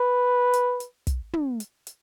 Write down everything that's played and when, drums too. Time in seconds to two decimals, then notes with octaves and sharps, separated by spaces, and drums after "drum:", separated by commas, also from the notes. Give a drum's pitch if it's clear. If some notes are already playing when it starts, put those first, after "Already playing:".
Already playing: B4
0.54 drum: hi-hat
0.80 drum: hi-hat
1.07 drum: kick, hi-hat
1.33 drum: tom
1.60 drum: hi-hat
1.87 drum: hi-hat